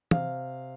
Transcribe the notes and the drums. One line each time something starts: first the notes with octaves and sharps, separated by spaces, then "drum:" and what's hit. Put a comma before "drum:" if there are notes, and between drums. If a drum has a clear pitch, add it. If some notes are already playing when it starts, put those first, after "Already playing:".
C3 F5, drum: tom